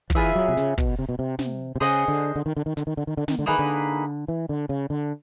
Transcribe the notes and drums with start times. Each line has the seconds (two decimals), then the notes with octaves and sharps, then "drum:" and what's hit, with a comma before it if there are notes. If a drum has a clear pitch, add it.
0.10 F3, drum: kick
0.15 E3 F4 G#4 B4 E5
0.35 F#3
0.48 C3
0.57 C#3, drum: hi-hat
0.78 B2, drum: kick
0.99 C3
1.09 B2
1.19 C3
1.39 C3, drum: snare
1.76 C3
1.80 C#3 G#4 C5 D#5 F#5
2.08 D3
2.36 D3
2.46 D#3
2.57 D3
2.66 D#3
2.77 D3, drum: hi-hat
2.87 D#3
2.97 D3
3.07 D#3
3.17 D3
3.28 D#3, drum: snare
3.39 D3
3.46 D#3 A#3 D#4 G#4 B4
3.59 D3
4.28 E3
4.49 D3
4.69 C#3
4.90 D3